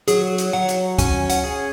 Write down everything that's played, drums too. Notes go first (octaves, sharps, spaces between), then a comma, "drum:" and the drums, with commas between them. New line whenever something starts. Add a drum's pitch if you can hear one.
F#3 G#4, drum: hi-hat
drum: hi-hat
F#3 F#5
drum: hi-hat
C#4 G#5, drum: kick C#2, hi-hat
F#5, drum: hi-hat
G#4